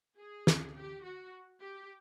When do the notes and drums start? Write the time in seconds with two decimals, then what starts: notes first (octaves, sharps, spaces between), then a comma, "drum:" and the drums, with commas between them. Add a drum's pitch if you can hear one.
0.18 G#4
0.47 drum: snare
0.76 G4
1.05 F#4
1.61 G4